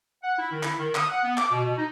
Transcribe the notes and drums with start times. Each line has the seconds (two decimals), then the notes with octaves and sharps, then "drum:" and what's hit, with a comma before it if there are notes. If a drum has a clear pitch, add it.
0.23 F#5
0.39 E4
0.51 D#3
0.63 E4, drum: clap
0.79 D#3
0.95 D#6, drum: clap
1.10 F#5
1.23 B3
1.37 D6, drum: clap
1.51 B2
1.65 B2
1.78 D#4